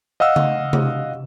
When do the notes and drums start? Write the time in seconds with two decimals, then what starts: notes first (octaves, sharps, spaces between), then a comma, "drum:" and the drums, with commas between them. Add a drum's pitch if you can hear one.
0.20 D#5 F5 F#5 E6
0.36 drum: tom C#3
0.73 drum: tom C3